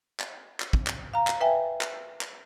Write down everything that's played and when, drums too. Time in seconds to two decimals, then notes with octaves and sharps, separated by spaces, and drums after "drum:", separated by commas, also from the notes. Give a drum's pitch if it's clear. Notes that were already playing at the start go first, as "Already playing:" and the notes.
0.20 drum: clap
0.60 drum: clap
0.73 drum: kick
0.87 drum: clap
1.13 F5 A#5
1.27 drum: clap
1.41 B4 E5 G5 G#5
1.81 drum: clap
2.21 drum: clap